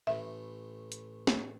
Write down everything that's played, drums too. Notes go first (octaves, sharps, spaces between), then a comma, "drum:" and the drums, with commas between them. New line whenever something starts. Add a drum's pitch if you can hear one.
A1 A2 E5
drum: hi-hat
drum: snare